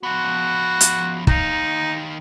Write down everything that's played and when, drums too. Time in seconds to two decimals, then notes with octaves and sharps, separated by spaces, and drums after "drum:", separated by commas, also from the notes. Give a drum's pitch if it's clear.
0.03 F3 B3 F#4
0.81 drum: hi-hat
1.27 D#3 D#4 F5, drum: kick